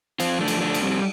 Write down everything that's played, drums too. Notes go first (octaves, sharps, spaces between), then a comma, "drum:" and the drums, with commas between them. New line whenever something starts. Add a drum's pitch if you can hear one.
F3 C4 F4, drum: cymbal
A3 D4
F3, drum: cymbal
A3 D4
F2, drum: cymbal
G3 C4